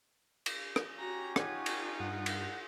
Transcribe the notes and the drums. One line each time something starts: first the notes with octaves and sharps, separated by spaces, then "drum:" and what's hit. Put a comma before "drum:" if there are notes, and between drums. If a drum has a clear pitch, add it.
drum: cymbal
drum: rim click
C#4 F#4 G4 A#5
D#4 F4 C#5 F#5, drum: rim click
drum: cymbal
G2 F#5
drum: cymbal